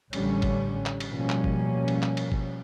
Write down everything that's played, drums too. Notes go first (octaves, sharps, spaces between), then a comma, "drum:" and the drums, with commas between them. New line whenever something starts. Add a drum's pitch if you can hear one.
A1 D3 G3 C#4, drum: cymbal
drum: kick G1, cymbal
drum: clap
drum: cymbal
B2 F3 G3 A#3 C#4
drum: clap
drum: kick G1
drum: cymbal
drum: clap
drum: cymbal
drum: kick G1